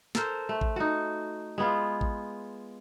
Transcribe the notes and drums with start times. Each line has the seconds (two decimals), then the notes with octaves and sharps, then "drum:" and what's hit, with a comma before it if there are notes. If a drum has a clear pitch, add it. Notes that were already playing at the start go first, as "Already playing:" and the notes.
0.15 A4 A#4 C5, drum: snare
0.49 A3
0.61 drum: kick A1
0.76 D#4 F#4
1.58 G#3 B3 F4
2.01 drum: kick A1